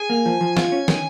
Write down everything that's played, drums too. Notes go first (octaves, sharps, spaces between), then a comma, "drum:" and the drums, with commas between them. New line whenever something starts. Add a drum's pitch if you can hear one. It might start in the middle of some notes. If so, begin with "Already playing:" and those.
Already playing: G#4 G#5
A#3
F3
F3
F4, drum: snare
C#4
D#3, drum: snare